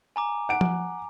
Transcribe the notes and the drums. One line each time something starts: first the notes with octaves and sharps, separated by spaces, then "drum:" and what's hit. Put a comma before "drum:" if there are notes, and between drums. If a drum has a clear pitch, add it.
G#5 A#5 D6
F#5 D7
drum: tom F3